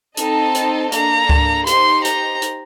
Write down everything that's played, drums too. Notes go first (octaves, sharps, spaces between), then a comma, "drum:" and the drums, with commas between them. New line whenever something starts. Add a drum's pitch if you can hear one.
C4 D#4 A4 D#5 A5, drum: hi-hat
drum: hi-hat
A#3 D4 A4 A#5, drum: hi-hat
drum: kick C#2
D#4 G4 C5 C6, drum: hi-hat
A#5, drum: hi-hat
drum: hi-hat